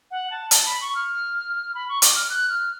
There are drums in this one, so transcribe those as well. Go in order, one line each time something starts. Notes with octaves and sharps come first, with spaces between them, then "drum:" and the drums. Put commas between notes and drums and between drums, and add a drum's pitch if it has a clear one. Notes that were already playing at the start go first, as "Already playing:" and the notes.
F#5
A5
A5, drum: hi-hat
B5
C#6
F6
B5
C#6
D6, drum: hi-hat
F6
F#6
F6